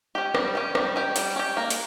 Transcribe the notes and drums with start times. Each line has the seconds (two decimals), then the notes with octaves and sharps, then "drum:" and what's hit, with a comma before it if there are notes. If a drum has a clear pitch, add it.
0.15 C#4 G4
0.35 G3, drum: rim click
0.55 C#4 G4
0.75 G3, drum: rim click
0.96 C#4 G4
1.16 G3, drum: hi-hat
1.36 C#4 G4
1.57 A#3
1.70 drum: hi-hat